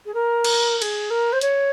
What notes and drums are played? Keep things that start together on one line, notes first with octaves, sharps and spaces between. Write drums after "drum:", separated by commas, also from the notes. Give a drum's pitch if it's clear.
G#4
A#4
drum: cymbal
A#4
G#4, drum: cymbal
A#4
C5
C#5, drum: hi-hat